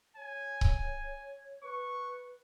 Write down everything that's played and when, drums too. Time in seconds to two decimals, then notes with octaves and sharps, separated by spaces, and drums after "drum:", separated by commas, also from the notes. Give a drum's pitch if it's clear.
0.17 C#5 G#5
0.61 drum: kick C#1
1.63 B4 C#6